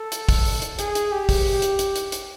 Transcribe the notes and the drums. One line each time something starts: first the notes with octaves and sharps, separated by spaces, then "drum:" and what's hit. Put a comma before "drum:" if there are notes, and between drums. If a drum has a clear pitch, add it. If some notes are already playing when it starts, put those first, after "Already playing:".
Already playing: A4
drum: hi-hat
drum: kick, open hi-hat
drum: open hi-hat
drum: hi-hat
G#4, drum: hi-hat
drum: hi-hat
G4
drum: kick, open hi-hat
drum: open hi-hat
drum: hi-hat
drum: hi-hat
drum: hi-hat
drum: hi-hat